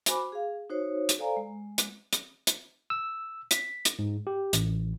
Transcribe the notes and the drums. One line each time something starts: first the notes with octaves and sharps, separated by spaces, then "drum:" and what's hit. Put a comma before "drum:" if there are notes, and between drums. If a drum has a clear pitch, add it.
F#4 C5 G#5 B5 D6, drum: hi-hat
G#4 F5
D#4 F#4 C5 C#5
drum: hi-hat
A4 C5 D5 F5 G#5 A#5
G#3
drum: hi-hat
drum: hi-hat
drum: hi-hat
E6
B6, drum: hi-hat
drum: hi-hat
G#2
G4
A1, drum: hi-hat